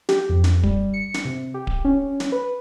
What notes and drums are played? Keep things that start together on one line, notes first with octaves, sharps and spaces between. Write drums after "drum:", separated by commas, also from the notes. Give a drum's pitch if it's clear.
G4, drum: snare
F2
drum: snare
G3, drum: kick D1
C#7
drum: snare
C3
G4
drum: kick D1
C#4
drum: snare
B4